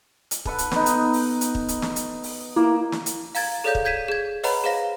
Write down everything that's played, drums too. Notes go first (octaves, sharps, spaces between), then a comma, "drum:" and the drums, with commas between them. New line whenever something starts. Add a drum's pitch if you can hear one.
drum: hi-hat
A4 B4 F#5, drum: kick
drum: hi-hat
B3 D#4, drum: snare
drum: hi-hat
drum: open hi-hat
drum: hi-hat
drum: kick
drum: hi-hat
drum: snare
drum: hi-hat
drum: open hi-hat
A#3 E4
drum: snare
drum: hi-hat
F5 A#5 G#6 A6, drum: open hi-hat
G#4 A4 C#5 D5 F5 G6
drum: kick
G6 G#6 B6 D#7 E7
G#4 G#6
B4 C#5 D#5 F#5 A#5 B5, drum: open hi-hat
G#4 C5 F5 A#6